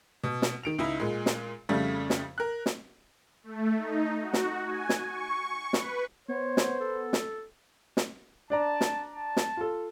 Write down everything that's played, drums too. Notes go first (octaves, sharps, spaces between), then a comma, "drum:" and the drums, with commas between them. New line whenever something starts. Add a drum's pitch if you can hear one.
B2
drum: snare
D#3 D7 F7
C#2 D#4 E4 B5
A#2 G#3
drum: snare
F2 C#3 G3 A3
drum: snare
A#4 F#6
drum: snare
A3
D#4
F#4
drum: snare
G#5
drum: snare
C#6
B4, drum: snare
B3 C5 C#5
drum: snare
A4
drum: snare
drum: snare
D4 D5 A5 A#5
drum: snare
A5
drum: snare
F4 A4